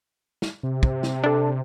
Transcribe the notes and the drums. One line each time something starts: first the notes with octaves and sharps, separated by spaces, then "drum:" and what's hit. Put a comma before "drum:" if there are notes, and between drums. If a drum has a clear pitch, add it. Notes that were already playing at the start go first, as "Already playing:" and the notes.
drum: snare
C3
drum: kick
drum: snare
D4 A4